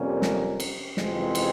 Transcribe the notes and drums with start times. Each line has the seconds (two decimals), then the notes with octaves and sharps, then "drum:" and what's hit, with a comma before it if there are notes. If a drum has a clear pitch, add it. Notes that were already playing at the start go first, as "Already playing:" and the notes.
Already playing: F2 C3 G3 A#3 C#4
0.22 drum: snare
0.60 drum: cymbal
0.97 F2 C3 E3 G#3 C4, drum: snare
1.35 drum: cymbal